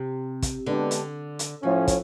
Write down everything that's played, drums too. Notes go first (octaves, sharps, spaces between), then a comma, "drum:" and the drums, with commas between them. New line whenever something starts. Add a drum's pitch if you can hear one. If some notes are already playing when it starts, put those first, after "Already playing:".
Already playing: C3
drum: kick, hi-hat
D3 G#3 B3 D4 G4
drum: hi-hat
drum: hi-hat
A2 E3 F3 A3 C#4
drum: kick, hi-hat